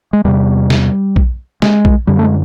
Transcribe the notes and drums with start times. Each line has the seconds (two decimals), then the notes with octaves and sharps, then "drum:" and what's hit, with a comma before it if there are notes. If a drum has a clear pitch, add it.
0.13 G#3
0.25 E2 C3 G3
0.70 drum: snare
1.16 drum: kick A#1
1.62 G#3, drum: snare
1.85 drum: kick A#1
2.07 F#2 D3 G3
2.19 A3
2.23 G#3